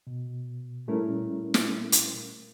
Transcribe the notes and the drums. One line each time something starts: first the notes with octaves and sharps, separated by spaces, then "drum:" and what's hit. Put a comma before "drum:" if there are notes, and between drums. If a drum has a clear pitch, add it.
B2
A#2 G3 A3 C#4 E4 A#4
drum: snare
drum: hi-hat